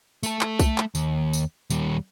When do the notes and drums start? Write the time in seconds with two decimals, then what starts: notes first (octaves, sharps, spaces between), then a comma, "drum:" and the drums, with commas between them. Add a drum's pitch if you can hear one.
0.23 A3 A4, drum: tambourine
0.41 drum: clap
0.59 drum: kick B1, tambourine
0.78 drum: clap
0.95 D#2, drum: tambourine
1.33 drum: tambourine
1.70 D#2 G3, drum: tambourine